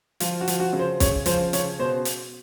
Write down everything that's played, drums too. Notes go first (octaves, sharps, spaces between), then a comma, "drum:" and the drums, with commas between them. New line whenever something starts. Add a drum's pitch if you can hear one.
F3 F4, drum: hi-hat
F#4
F3, drum: hi-hat
F#4
C#3
C5
C#3 C#5, drum: kick, hi-hat
F3 C5, drum: hi-hat
C#3 C#5, drum: hi-hat
B2 C5
drum: hi-hat